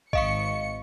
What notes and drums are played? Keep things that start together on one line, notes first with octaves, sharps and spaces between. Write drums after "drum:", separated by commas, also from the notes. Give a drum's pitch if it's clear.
G#1 D#5 F5 C#6 C#7, drum: kick A1